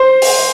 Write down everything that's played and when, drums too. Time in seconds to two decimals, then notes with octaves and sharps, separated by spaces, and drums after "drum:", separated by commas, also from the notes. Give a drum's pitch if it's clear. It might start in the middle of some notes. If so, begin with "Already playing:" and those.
Already playing: C5
0.22 drum: open hi-hat